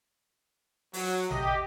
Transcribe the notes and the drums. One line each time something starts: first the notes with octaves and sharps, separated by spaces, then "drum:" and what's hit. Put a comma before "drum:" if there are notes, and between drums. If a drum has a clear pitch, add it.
F#3, drum: open hi-hat
A3 G4 D#5, drum: tom A1